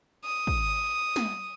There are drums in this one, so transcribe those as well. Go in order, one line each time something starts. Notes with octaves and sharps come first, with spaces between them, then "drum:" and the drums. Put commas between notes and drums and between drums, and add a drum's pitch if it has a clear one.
D#6
drum: kick
drum: snare